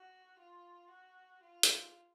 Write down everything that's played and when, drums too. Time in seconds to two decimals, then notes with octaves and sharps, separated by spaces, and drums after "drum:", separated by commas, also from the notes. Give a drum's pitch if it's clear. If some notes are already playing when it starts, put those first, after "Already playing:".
Already playing: F#4
0.38 F4
0.90 F#4
1.42 F4
1.63 drum: hi-hat